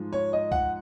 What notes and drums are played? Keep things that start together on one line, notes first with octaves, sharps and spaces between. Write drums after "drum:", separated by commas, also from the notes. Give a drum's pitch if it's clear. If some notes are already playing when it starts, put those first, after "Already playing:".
Already playing: G#2 F3 G#3
C#5
D#5
F#5, drum: kick